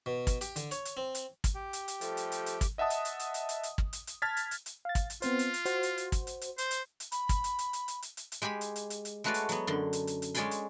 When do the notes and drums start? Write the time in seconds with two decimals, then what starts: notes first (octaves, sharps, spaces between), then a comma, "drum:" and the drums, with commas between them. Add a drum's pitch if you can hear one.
0.06 B2
0.27 drum: kick, hi-hat
0.41 G4, drum: hi-hat
0.56 D3, drum: hi-hat
0.71 C#5, drum: hi-hat
0.85 drum: hi-hat
0.97 C4
1.15 drum: hi-hat
1.44 drum: kick, hi-hat
1.55 G4 G5
1.73 drum: hi-hat
1.88 drum: hi-hat
2.01 F3 G3 A3 A4, drum: hi-hat
2.17 drum: hi-hat
2.32 drum: hi-hat
2.46 drum: hi-hat
2.61 drum: kick, hi-hat
2.78 D#5 E5 F#5 A5 D#6
2.90 drum: hi-hat
3.05 drum: hi-hat
3.19 drum: hi-hat
3.34 drum: hi-hat
3.49 drum: hi-hat
3.63 drum: hi-hat
3.78 drum: kick
3.93 drum: hi-hat
4.07 drum: hi-hat
4.22 A5 F6 G#6 A6 B6
4.37 drum: hi-hat
4.51 drum: hi-hat
4.66 drum: hi-hat
4.85 F5 A6
4.95 drum: kick, hi-hat
5.10 drum: hi-hat
5.22 B3 C4 F4 C5, drum: hi-hat
5.39 drum: hi-hat
5.54 drum: hi-hat
5.65 F#4 C5, drum: hi-hat
5.83 drum: hi-hat
5.98 drum: hi-hat
6.12 drum: kick, hi-hat
6.27 drum: hi-hat
6.41 drum: hi-hat
6.58 C5, drum: hi-hat
6.71 drum: hi-hat
7.00 drum: hi-hat
7.12 B5, drum: hi-hat
7.29 drum: kick, hi-hat
7.44 drum: hi-hat
7.59 drum: hi-hat
7.73 drum: hi-hat
7.88 drum: hi-hat
8.02 drum: hi-hat
8.17 drum: hi-hat
8.32 drum: hi-hat
8.42 G#3 G4 G#5 B5
8.61 drum: hi-hat
8.76 drum: hi-hat
8.90 drum: hi-hat
9.05 drum: hi-hat
9.24 G#3 A3 F#4 B4 C#5 D5
9.34 drum: hi-hat
9.49 F#3 B3, drum: hi-hat
9.67 F#2 D3 C6
9.93 drum: hi-hat
10.07 drum: hi-hat
10.22 drum: hi-hat
10.34 G#3 C#4 D5 G#5 B5 C6, drum: hi-hat
10.51 drum: hi-hat